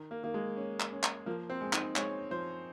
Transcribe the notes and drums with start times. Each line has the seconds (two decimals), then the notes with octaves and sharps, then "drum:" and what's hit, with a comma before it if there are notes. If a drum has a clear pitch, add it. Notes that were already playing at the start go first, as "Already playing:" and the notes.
Already playing: D#3
0.11 A#3
0.23 D#3 A#3
0.34 G#3
0.57 C#4
0.80 drum: clap
0.92 C#4
1.03 drum: clap
1.26 F3 A#3
1.50 C4
1.61 G#3
1.73 D#4, drum: clap
1.96 G#3 C#5, drum: clap
2.30 F3 C5